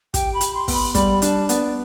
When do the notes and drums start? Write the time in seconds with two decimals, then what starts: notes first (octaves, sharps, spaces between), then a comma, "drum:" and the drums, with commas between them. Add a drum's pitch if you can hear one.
0.14 G4 G5, drum: kick, hi-hat
0.34 B5
0.41 G4, drum: hi-hat
0.54 C6
0.68 B3, drum: kick, open hi-hat
0.74 B5
0.95 G3 B5, drum: kick, hi-hat
1.22 D4 A5, drum: hi-hat
1.49 B3 D5, drum: hi-hat